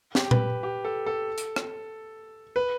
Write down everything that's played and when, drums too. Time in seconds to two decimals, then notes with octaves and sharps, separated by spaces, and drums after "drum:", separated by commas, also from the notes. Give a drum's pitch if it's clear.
0.15 G4, drum: snare
0.31 B4, drum: tom A#2
0.63 G4
0.85 A4
1.06 A4
1.38 drum: hi-hat
1.56 drum: rim click
2.56 B4